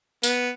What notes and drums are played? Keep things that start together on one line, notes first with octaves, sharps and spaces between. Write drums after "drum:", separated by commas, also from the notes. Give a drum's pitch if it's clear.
B3, drum: tambourine